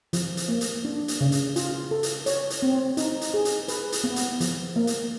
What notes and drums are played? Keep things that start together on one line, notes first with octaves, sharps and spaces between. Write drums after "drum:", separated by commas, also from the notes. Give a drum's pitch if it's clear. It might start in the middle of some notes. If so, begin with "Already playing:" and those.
F3, drum: hi-hat
drum: hi-hat
A#3
drum: hi-hat
D4
drum: hi-hat
C#3
drum: hi-hat
F4, drum: hi-hat
A4
drum: hi-hat
C#5, drum: hi-hat
drum: hi-hat
C4
D#4, drum: hi-hat
drum: hi-hat
G#4
drum: hi-hat
B4, drum: hi-hat
drum: hi-hat
B3
drum: hi-hat
F3, drum: hi-hat
A#3
drum: hi-hat